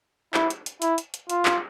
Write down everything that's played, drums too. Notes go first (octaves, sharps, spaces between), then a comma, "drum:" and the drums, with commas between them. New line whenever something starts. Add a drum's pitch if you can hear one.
E4, drum: clap
drum: hi-hat
drum: hi-hat
E4, drum: hi-hat
drum: hi-hat
drum: hi-hat
F4, drum: hi-hat
drum: clap